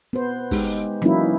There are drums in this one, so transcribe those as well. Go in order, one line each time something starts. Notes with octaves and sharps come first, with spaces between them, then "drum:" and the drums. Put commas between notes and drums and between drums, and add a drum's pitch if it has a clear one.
B3 C5
G#3 D#4 G4, drum: kick, open hi-hat
E3 F#3 A#3 C#4 D#4 E4, drum: rim click